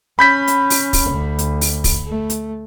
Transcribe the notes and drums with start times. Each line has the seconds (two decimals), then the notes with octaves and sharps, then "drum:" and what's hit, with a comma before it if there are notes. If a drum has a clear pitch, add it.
0.19 C#4 B5 G6 B6
0.47 drum: hi-hat
0.70 drum: open hi-hat
0.93 drum: kick, open hi-hat
1.09 D2
1.39 drum: hi-hat
1.61 drum: open hi-hat
1.84 drum: kick, open hi-hat
2.07 A3
2.30 drum: hi-hat